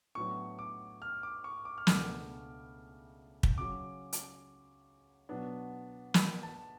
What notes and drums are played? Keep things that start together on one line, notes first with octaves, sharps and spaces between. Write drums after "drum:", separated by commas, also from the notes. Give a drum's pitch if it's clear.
A2 F#3 B3 D4 C#6
D6
F6
D6
C#6
D6
F6
C#2 B2 A3 D4 D6, drum: snare
drum: kick
C#3 F#3 C#4 D6
drum: hi-hat
B2 F#3 B3 D4
B5, drum: snare
A5